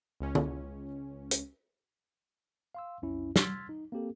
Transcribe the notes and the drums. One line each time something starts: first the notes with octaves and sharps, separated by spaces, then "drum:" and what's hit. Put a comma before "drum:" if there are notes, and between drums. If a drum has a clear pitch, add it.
C#2 C#4
drum: tom D3
drum: hi-hat
F5 C6 E6
B1 F2 C#4 E4
C6 E6 F6 G#6 A6 B6, drum: snare
D#4
A#3 C4 G4 A4